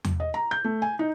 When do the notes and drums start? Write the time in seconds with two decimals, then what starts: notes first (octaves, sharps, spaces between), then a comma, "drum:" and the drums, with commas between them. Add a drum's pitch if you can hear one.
0.04 drum: tom E2
0.20 D#5
0.34 A#5
0.51 G6
0.64 A3
0.82 G#5
0.99 D#4